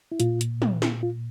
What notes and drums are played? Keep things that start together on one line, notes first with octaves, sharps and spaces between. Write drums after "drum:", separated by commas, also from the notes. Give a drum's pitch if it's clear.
E4
A#2 F4, drum: hi-hat
drum: hi-hat
drum: tom
E4, drum: snare
F4